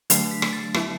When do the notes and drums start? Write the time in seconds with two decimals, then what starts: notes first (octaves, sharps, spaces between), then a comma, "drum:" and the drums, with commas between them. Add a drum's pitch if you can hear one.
0.10 D3 F#3 A3 D4 C7, drum: hi-hat
0.31 B6
0.42 drum: rim click
0.53 A6
0.74 D3 F#3 B3 E4, drum: rim click